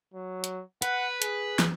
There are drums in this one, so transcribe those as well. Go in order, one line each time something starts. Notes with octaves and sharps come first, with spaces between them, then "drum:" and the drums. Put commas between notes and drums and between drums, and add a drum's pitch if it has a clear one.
F#3
drum: hi-hat
B4 F#5, drum: hi-hat
G#4, drum: hi-hat
drum: snare